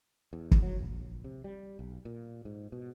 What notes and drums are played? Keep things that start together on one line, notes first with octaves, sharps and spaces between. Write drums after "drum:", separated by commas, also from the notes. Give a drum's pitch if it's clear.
E2
drum: kick
F#3
A#1
C3
G3
B1
A#2
G#2
B2